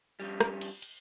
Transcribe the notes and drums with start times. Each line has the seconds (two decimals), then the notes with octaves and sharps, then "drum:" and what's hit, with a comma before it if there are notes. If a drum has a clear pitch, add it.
0.20 F2 G3
0.40 drum: rim click
0.61 drum: cymbal
0.82 drum: cymbal